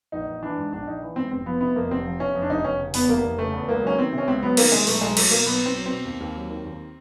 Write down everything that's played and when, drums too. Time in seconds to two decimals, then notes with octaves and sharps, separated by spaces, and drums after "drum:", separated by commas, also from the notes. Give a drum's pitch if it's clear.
0.12 A#1 D#4
0.28 A#1
0.42 E3 D4
0.57 G#2
0.72 A#1 D4
0.87 A#1 D#4
1.02 E3
1.16 G#2 C4
1.31 F1 C4
1.46 F3 B3
1.61 C3 B3
1.76 F2 A#3
1.91 F1 C4
2.06 F3
2.20 C3 C#4
2.35 F2
2.42 D4
2.50 F1 D#4
2.64 F1 C#4
2.79 C#3
2.94 E2 B3, drum: open hi-hat
3.09 F1 A#3
3.24 F1
3.38 C#3 A3
3.53 E2
3.69 C#2 A#3
3.83 F#3 C#4
3.98 D#3 C4
4.13 C3
4.18 C#4
4.27 C#2 C4
4.42 F#3 B3
4.57 D#3 A#3, drum: cymbal
4.72 C3 G#3
4.87 B1 A3, drum: open hi-hat
5.01 B1 G#3
5.17 F#3 A3, drum: cymbal
5.31 B2 A#3
5.46 B1 B3
5.61 B1 C4
5.76 F#3
5.86 B2 C4
6.05 D#2
6.20 D#2
6.36 F#3
6.50 D#3
6.65 D#2